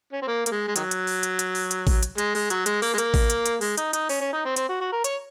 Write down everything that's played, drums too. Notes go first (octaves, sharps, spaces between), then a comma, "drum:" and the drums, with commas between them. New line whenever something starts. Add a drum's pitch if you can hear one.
C#4
C4
A#3
A#3, drum: hi-hat
G#3
G#3
D#3 F#3, drum: hi-hat
drum: hi-hat
drum: open hi-hat
drum: hi-hat
drum: hi-hat
drum: open hi-hat
drum: hi-hat
drum: kick A1, open hi-hat
drum: hi-hat
G#3, drum: hi-hat
G#3, drum: open hi-hat
F#3, drum: hi-hat
G#3, drum: hi-hat
A#3, drum: open hi-hat
G#3
A#3, drum: hi-hat
drum: kick A1, open hi-hat
drum: hi-hat
drum: hi-hat
G#3, drum: open hi-hat
D#4, drum: hi-hat
D#4, drum: hi-hat
C#4, drum: open hi-hat
C#4
D#4
C4
C4, drum: hi-hat
F#4
F#4
A#4
C#5, drum: hi-hat